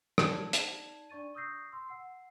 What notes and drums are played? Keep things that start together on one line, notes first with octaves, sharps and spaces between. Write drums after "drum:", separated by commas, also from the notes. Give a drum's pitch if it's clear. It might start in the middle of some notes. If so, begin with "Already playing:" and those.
D#4 D5 A5 G#6, drum: rim click
drum: hi-hat
D4 D5 C#6 A6 D#7
C#6 D#6 E6 G6 A#6 C7
C6 E6
F#5 E6 C7